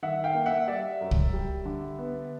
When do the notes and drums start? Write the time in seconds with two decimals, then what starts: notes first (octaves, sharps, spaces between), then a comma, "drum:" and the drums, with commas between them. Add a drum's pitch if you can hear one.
0.02 D#3 E5 F#5
0.24 F5 G5
0.35 A#3
0.46 E5 F#5
0.67 G3 D5 E5
1.01 F#2
1.11 drum: kick
1.33 G3
1.65 D3
1.99 B3